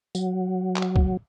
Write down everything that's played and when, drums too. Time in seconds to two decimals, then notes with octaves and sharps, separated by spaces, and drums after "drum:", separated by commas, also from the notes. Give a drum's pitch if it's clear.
0.15 F#3, drum: tambourine
0.76 drum: clap
0.96 drum: kick